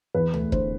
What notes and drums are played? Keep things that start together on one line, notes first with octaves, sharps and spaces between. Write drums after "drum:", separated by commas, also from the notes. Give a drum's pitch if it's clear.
E2 B4
A3, drum: tom C#2
D3 C5, drum: kick